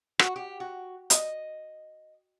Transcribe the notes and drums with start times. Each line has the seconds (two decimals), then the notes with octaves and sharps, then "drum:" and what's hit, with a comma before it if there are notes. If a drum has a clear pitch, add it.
0.19 F#4, drum: rim click
0.36 G4
0.60 F#4
1.10 D#5, drum: hi-hat